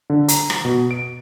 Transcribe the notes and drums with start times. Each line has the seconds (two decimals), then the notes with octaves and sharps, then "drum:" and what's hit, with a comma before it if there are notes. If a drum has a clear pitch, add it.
0.10 D3
0.28 A#5, drum: hi-hat
0.50 drum: rim click
0.65 B2
0.91 D7